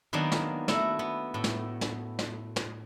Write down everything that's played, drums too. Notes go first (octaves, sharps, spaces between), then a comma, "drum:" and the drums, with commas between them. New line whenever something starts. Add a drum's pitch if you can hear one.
D#3 F#3 A#3 B3 D4
drum: snare
A3 E4 F#4, drum: snare
B3
A2
drum: snare
drum: snare
drum: snare
drum: snare